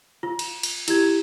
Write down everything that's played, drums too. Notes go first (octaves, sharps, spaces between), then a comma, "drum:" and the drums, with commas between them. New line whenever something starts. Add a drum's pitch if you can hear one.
F4
drum: cymbal
drum: cymbal
E4 G4 G#6, drum: cymbal